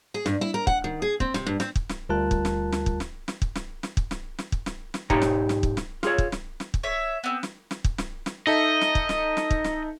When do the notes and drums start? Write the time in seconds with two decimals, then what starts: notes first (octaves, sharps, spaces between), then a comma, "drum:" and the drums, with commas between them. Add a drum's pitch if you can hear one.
0.14 G#4
0.26 G2, drum: snare
0.41 E4
0.54 A#4
0.67 F#5, drum: kick
0.84 D#3
1.02 G#4
1.20 C4, drum: kick
1.34 C3, drum: snare
1.47 G2
1.60 C4, drum: snare
1.76 drum: kick
1.89 drum: snare
2.09 D2 G3 F4 A#4 A5 F#6
2.31 drum: kick
2.45 drum: snare
2.72 drum: snare
2.86 drum: kick
3.00 drum: snare
3.28 drum: snare
3.42 drum: kick
3.55 drum: snare
3.83 drum: snare
3.97 drum: kick
4.11 drum: snare
4.38 drum: snare
4.52 drum: kick
4.66 drum: snare
4.94 drum: snare
5.10 B1 G#2 D#4 G4 C#5 A#5, drum: kick
5.22 drum: snare
5.49 drum: snare
5.63 drum: kick
5.77 drum: snare
6.03 F4 G#4 C#5, drum: snare
6.18 drum: kick
6.32 drum: snare
6.60 drum: snare
6.74 drum: kick
6.83 C#5 E5
7.24 B3 C4
7.43 drum: snare
7.71 drum: snare
7.84 drum: kick
7.98 drum: snare
8.26 drum: snare
8.47 D#4 A4 D#5 E5
8.81 drum: snare
8.95 drum: kick
9.09 drum: snare
9.37 drum: snare
9.51 drum: kick
9.64 drum: snare